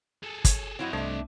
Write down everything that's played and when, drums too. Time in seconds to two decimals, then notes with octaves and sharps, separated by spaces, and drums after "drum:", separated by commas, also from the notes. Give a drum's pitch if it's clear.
0.23 G#4 A4
0.45 C#5, drum: kick, hi-hat
0.79 F#3 C4 E4 D#5 F#5
0.93 C2 A3 D4 E5